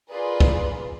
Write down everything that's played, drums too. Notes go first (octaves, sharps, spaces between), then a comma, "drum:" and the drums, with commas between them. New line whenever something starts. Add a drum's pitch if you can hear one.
F4 G#4 A#4 B4 D5
drum: kick